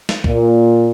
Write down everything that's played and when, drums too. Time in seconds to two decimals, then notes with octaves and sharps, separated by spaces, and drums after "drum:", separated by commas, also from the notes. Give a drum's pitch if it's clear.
0.09 drum: snare
0.24 A#2, drum: kick C2